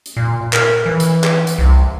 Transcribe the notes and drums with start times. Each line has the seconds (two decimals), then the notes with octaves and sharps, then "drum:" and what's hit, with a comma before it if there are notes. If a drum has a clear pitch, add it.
0.06 drum: hi-hat
0.17 A#2
0.53 A#4, drum: clap
0.86 E3
1.00 drum: hi-hat
1.24 drum: clap
1.47 drum: hi-hat
1.58 C2